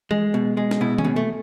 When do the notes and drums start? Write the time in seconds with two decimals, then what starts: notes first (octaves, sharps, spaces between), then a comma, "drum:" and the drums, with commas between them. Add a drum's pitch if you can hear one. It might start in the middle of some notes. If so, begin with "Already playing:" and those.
0.11 G#3, drum: tom
0.34 B2
0.57 G#3
0.71 drum: snare
0.81 B2 E4
0.98 C#4, drum: tom D#3
1.04 B2
1.16 A3